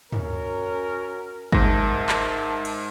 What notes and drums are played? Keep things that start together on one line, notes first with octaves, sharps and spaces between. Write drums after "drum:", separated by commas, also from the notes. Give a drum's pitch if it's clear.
C#4 F#4 A#4, drum: tom
G#2 A#4 E5 A5 A#6, drum: kick
drum: clap
drum: cymbal